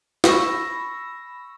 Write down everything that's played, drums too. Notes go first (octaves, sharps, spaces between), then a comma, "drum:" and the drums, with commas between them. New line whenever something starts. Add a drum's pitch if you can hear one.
B5 C#6 E6 A#6, drum: snare